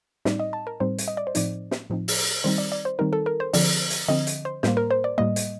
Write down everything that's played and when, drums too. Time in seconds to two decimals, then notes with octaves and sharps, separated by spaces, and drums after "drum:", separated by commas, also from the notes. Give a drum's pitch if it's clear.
0.25 A2 G3 C4 D#4 D5, drum: snare
0.39 D#5
0.53 A5
0.67 A#4
0.80 A2 G3 C4 D#4 C5
0.98 drum: hi-hat
1.08 D#5
1.17 D5
1.27 C5
1.35 A2 F3 C4 D#4 D5, drum: hi-hat
1.71 drum: snare
1.90 A2 F3 C4 D#4
2.08 drum: open hi-hat
2.44 D#3 G3 C4 D#4 C5
2.58 D5
2.72 D5
2.85 C5
2.99 D#3 G3 C4 D#4 A#4
3.13 A4
3.26 A#4
3.40 C5
3.53 D3 F3 C4 D5, drum: open hi-hat
3.90 drum: hi-hat
4.08 D3 F3 C4 D#5
4.27 drum: hi-hat
4.45 C5
4.63 A2 G3 A#3 C5, drum: snare
4.77 A#4
4.91 C5
5.04 D5
5.18 A2 G3 A#3 D#5
5.36 drum: hi-hat